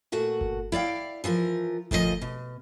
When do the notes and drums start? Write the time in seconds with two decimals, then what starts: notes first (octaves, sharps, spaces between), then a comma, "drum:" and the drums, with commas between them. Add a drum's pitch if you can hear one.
0.12 A#2 A3 F#4 F#5
0.41 drum: kick G1
0.72 E4 D5 F5 G5
1.24 E3 F3 G#4 A#4
1.91 D2 A#2 F3 F4 D#5, drum: kick G1
2.22 B2